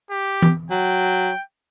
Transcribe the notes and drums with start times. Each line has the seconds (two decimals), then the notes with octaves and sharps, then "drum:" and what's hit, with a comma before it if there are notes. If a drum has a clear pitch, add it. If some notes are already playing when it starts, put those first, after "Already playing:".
0.11 G4
0.42 drum: tom E3
0.71 F#3 G5